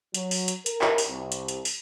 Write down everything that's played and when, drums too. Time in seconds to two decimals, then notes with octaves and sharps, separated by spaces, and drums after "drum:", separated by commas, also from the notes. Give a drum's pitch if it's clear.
0.14 F#3, drum: hi-hat
0.31 drum: open hi-hat
0.48 drum: hi-hat
0.66 A#4, drum: hi-hat
0.81 drum: clap
0.98 drum: open hi-hat
1.08 C2
1.32 drum: hi-hat
1.48 drum: hi-hat
1.65 drum: open hi-hat